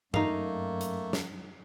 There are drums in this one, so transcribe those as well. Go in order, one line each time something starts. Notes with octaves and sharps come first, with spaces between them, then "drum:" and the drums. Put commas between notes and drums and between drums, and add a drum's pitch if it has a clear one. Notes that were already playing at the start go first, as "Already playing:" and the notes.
F#2 A3 A#3 D#4 F5, drum: tom G2
drum: hi-hat
drum: snare